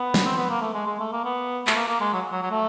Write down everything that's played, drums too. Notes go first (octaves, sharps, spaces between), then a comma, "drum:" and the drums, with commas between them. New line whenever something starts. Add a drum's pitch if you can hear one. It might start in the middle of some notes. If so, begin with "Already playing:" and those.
Already playing: B3
drum: snare
C4
B3
A#3
A3
G#3
G#3
A3
A#3
B3
A3, drum: clap
A#3
A#3
G#3
F#3
F#3
F#3
A3